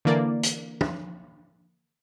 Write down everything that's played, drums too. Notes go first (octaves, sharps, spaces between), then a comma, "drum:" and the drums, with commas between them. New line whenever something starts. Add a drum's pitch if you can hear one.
D3 E3 A#3 D5
drum: hi-hat
drum: tom